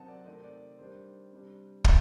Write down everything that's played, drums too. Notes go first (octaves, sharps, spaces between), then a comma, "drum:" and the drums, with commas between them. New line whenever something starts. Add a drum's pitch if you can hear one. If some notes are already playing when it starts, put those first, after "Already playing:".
Already playing: C3 D#3 F#3 C4 D#4 F#5 A5
D5
C3 D#3 A3 C4 D#5
D5
D#3 G3 D4 C5
C3 G3 D4
D#3 D#5, drum: kick